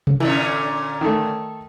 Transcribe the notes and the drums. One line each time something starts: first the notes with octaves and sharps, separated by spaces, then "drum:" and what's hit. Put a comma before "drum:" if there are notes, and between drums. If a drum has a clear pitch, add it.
drum: tom C3
A#2 D3 E3 C#4
D#3 A3